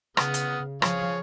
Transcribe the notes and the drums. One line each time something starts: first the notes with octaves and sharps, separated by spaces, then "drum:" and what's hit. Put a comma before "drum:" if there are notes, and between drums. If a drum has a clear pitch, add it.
C#3 B3 D#6 F6, drum: rim click
drum: hi-hat
F3 G#4 C#5 F5, drum: rim click